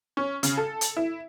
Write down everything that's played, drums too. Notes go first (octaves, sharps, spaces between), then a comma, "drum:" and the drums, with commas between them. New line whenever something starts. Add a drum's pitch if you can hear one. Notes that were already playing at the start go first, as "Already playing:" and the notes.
C#4
C#3, drum: hi-hat
A4
drum: hi-hat
E4